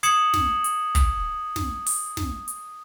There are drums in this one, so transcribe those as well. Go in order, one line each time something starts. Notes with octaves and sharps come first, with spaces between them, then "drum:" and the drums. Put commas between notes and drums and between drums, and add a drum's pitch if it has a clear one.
D#6 G#6 C7 C#7 E7 F#7, drum: hi-hat
drum: snare
drum: hi-hat
drum: kick, hi-hat
drum: snare
drum: open hi-hat
drum: snare
drum: hi-hat